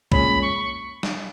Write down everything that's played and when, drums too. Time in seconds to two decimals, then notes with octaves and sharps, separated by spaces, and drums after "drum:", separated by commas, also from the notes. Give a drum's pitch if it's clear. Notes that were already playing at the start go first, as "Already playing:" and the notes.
0.12 A#2 G#3 C#4 G#4 B5, drum: kick
0.42 C#6
1.03 drum: snare